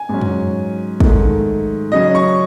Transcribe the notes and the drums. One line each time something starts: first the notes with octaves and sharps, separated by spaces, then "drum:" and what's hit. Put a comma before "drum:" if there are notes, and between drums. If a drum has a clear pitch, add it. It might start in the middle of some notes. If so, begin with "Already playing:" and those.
Already playing: G#5
G#2 F#3 C#4
drum: tom F2
G#2 D#3 A3, drum: kick
C#3 F#3 C#4 D#5
C#6